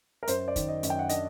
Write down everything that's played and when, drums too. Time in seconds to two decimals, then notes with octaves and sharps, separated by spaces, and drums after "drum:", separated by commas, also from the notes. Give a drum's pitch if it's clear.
0.23 A#4
0.27 F#2 C5, drum: hi-hat
0.48 D5
0.56 D#3, drum: kick, hi-hat
0.69 D#5
0.83 F#2, drum: hi-hat
0.90 G5
0.99 F#5
1.09 D4 D#5, drum: hi-hat